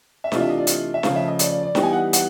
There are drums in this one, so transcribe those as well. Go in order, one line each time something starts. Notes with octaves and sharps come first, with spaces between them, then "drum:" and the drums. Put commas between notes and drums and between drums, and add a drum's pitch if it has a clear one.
E5
C3 E3 A3 D4 F4 D#5, drum: snare
E5
D#5
D5
D#5, drum: hi-hat
E5
C#3 F3 A3 F5, drum: snare
E5
D#5
D5, drum: hi-hat
D5
D5
E3 G3 B3 D#4 G5, drum: snare
G#5
F#5
F#5, drum: hi-hat